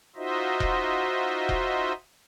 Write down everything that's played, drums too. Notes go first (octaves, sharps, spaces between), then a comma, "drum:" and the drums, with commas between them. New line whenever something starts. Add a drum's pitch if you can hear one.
D#4 F4 F#4 C5 D#5 E5
drum: kick E1
drum: kick E1